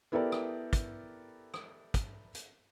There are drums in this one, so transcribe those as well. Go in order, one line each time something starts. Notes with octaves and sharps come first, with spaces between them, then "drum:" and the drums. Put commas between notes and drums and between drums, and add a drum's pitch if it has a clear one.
B3 E4 G4 A4 A#4 D5
drum: rim click
drum: kick, hi-hat
drum: rim click
drum: kick, hi-hat
drum: hi-hat